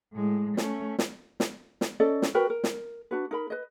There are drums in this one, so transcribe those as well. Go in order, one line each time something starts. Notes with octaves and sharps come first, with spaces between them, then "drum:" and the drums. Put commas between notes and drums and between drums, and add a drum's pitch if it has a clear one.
A2 G#3
A3 C#4, drum: snare
drum: snare
drum: snare
drum: snare
C#4 A4 D5 D#5
drum: snare
F#4 A#4 B4 G5
A#4
drum: snare
D4 F#4 B4
D#4 A#4 B5
B4 D#5